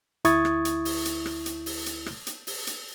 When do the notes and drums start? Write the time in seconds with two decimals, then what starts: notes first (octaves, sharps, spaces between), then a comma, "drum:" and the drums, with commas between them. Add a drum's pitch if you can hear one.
0.25 D2 E4 C#6 D#6 G#6 A6, drum: hi-hat
0.45 drum: rim click
0.65 drum: hi-hat
0.85 drum: open hi-hat
1.05 drum: hi-hat
1.26 drum: rim click
1.46 drum: hi-hat
1.66 drum: open hi-hat
1.86 drum: hi-hat
2.06 drum: rim click
2.27 drum: hi-hat
2.47 drum: open hi-hat
2.67 drum: hi-hat